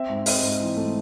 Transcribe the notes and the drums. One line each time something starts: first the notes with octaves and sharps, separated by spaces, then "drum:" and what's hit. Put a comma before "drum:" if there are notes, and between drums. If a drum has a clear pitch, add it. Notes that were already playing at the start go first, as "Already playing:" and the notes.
Already playing: C4 E5
G#2
E5
C4 D#5, drum: open hi-hat
G#2
E3
A3